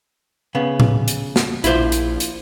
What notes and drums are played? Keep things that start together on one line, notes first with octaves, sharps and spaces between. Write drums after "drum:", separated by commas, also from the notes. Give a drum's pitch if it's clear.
C#3 B3
drum: tom A2
drum: hi-hat
drum: snare
A#1 E4 F4 C5, drum: hi-hat
drum: hi-hat
drum: hi-hat